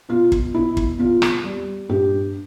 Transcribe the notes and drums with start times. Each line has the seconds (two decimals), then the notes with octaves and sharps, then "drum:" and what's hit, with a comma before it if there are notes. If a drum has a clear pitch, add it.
0.09 B2 F4
0.32 drum: kick
0.54 B2 E4
0.77 drum: kick
0.99 E2 F4
1.22 drum: rim click
1.44 G3
1.89 G2 G4